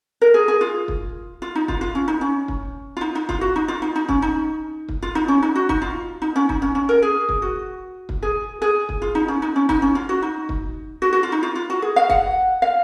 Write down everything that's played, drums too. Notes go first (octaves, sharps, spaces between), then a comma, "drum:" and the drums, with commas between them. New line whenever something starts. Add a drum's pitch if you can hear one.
A#4
G#4
G#4
F4
drum: kick
F4
D#4
F4, drum: kick
F4
C#4
D#4
C#4
drum: kick
F4
D#4
D#4
F4, drum: kick
F#4
D#4
F4
D#4
D#4
C#4, drum: kick
D#4
drum: kick
F4
D#4
C#4
D#4
F#4
D#4, drum: kick
F4
D#4
C#4
D#4, drum: kick
C#4
C#4
A#4
G#4
drum: kick
F#4
drum: kick
G#4
G#4
drum: kick
F4
D#4
C#4
D#4
C#4
D#4, drum: kick
C#4
F4
F#4
D#4
drum: kick
F#4
F#4
F4
D#4
F4
F4
F#4
G#4
F5
F#5, drum: kick
F5